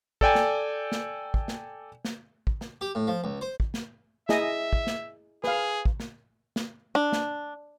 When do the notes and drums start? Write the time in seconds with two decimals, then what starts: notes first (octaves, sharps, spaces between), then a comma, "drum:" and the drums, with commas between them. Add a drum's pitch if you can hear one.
0.21 A4 D5 G5 G#5, drum: kick
0.35 drum: snare
0.92 drum: snare
1.34 drum: kick
1.48 drum: snare
2.05 drum: snare
2.47 drum: kick
2.61 drum: snare
2.81 G4
2.95 A2
3.07 F3
3.24 C#2
3.41 C5
3.60 drum: kick
3.74 drum: snare
4.29 E4 G#4 D#5 E5, drum: snare
4.73 drum: kick
4.87 drum: snare
5.44 G#4 B4 F5, drum: snare
5.85 drum: kick
6.00 drum: snare
6.56 drum: snare
6.95 D4
7.12 drum: snare